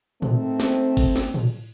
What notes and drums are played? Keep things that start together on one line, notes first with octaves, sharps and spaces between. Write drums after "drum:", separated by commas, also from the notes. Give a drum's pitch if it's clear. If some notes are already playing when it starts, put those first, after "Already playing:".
D#3 A3 C4, drum: tom A2
drum: snare
drum: kick G1, cymbal
drum: snare
drum: tom A2